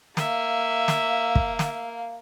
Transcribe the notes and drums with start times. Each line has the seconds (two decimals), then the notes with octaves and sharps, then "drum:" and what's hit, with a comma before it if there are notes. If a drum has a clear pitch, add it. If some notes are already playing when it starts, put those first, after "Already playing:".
0.17 A#3 E5 F5, drum: snare
0.88 drum: snare
1.35 drum: kick
1.59 drum: snare